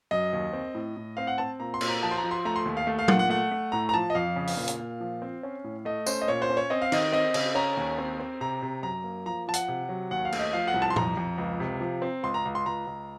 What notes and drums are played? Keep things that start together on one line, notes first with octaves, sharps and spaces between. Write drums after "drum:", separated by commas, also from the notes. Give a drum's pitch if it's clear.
F#2 D#5
D#2
C4
A2
A2
C4 F5
F#5
C4 A5
A#2 A#5
C6
A#2, drum: cymbal
A#5
F3 A5
C6
A#5
F3
C6
A3 A#5
C6
D#2
F5
A3
F5
A#2 F#5, drum: tom F#3
F#5
A3 F#5
A3
A2 A#5
A#5
F3 A5
D#5
F2 F5
C#3
drum: open hi-hat
A#2
drum: hi-hat
A#2
F3
C4
C#4
A2
A3 D#5
C#4 C5, drum: tambourine
D#5
A#2 C#5
C5
C#4
C#5
C4 D#5
F5
D#3 D#5, drum: cymbal
C4 D#5
C#3, drum: cymbal
C#4 A#5
D#2
C4
C4
C3 A#5
C3
F#2 A#5
A#3
F3 A#5
F3 A5
F#5, drum: hi-hat
C3
F#3
D#2 F#5
F5
A3, drum: cymbal
D#5
F3 F5
F#5
C2
A5
C6
F2 A#5, drum: tom A#2
F2
C#2
C3
F3
C4
C#2 C6
A#5
C#2
C6
C#2 A#5
C#2